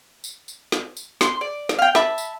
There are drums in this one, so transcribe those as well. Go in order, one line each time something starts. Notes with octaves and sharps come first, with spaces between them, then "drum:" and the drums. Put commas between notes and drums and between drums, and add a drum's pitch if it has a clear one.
drum: tambourine
drum: tambourine
drum: snare
drum: tambourine
C6, drum: snare
D5
drum: snare
F5 G5
E5 A5 B5, drum: snare
drum: tambourine